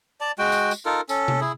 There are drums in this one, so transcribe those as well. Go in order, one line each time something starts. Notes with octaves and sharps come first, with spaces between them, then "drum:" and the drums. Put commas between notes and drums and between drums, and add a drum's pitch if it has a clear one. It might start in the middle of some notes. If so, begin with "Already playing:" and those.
D5 A5
G#3 F#4 G5
drum: tambourine
drum: tambourine
D#4 F4 A4 A#4
C#4 A4, drum: tambourine
drum: tom C3
E4 G#4